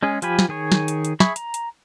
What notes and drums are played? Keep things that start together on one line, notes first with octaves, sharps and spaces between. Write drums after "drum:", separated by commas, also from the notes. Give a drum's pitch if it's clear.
G#3 C#4 G#4
F3 F4 G4 G#5 B5, drum: hi-hat
drum: snare
D#3 G#4 C#5
drum: snare
drum: hi-hat
drum: hi-hat
G#4 E5 B5 C#6, drum: snare
A#5, drum: hi-hat
drum: hi-hat